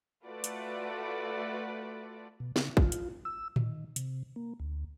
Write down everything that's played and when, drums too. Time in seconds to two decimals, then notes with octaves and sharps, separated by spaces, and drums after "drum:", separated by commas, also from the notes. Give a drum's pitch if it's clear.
0.25 A3 F4 F#4 B4 D5
0.44 drum: hi-hat
2.40 B2
2.56 C#3, drum: snare
2.77 F4, drum: kick
2.92 drum: hi-hat
3.25 E6
3.56 D#3, drum: tom A2
3.96 C3, drum: hi-hat
4.36 A#3
4.60 D2